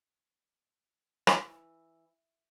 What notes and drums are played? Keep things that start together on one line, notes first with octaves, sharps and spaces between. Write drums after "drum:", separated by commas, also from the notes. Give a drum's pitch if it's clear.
E3, drum: rim click